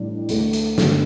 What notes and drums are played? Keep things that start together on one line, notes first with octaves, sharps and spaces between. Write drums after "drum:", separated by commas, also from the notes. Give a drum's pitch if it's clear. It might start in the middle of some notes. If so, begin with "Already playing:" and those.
Already playing: A1 A2 G3 D4
D2 D3 A3, drum: hi-hat
drum: hi-hat
G1 G2 D3 A3, drum: snare